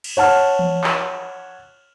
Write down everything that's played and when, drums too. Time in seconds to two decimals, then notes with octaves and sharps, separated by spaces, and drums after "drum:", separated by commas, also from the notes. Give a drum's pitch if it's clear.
0.04 drum: cymbal
0.17 C#5 F#5 A5 F6
0.59 drum: tom E3
0.84 drum: clap